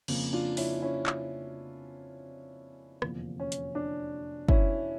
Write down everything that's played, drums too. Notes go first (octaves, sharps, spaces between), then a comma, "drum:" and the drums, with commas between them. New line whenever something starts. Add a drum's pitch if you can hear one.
F2 C#3 F3 A#3, drum: cymbal
D4 F4
C#4 E4, drum: open hi-hat
C#4 E4
drum: clap
F1 E2 D3 F3 A#3, drum: rim click
C#4
drum: hi-hat
D4
C#4 E4, drum: kick